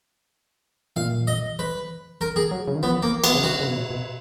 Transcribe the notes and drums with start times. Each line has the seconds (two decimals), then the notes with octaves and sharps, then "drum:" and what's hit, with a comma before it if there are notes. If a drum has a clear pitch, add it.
0.96 A#2 F5
1.27 D#5
1.59 B4
2.21 A#4
2.36 G#4
2.51 F#3
2.68 C#3
2.75 D#3
2.82 F3 B3
3.03 A#3
3.24 B3, drum: cymbal
3.35 C#3
3.44 D#3 F#4
3.60 C#3
3.67 B2
3.75 A#2
3.90 B2